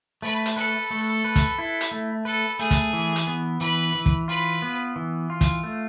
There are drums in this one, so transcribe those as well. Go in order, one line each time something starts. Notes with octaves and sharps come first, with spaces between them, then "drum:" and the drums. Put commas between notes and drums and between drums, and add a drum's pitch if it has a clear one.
A3 B4
drum: hi-hat
A4 B4
A3
B4
drum: kick, hi-hat
E4
drum: hi-hat
A3
A4 B4
A3 G#4
drum: kick, hi-hat
E3
drum: hi-hat
B3
E3 B4
E3
drum: kick
F4 B4
B3
E3
F4
drum: kick, hi-hat
A3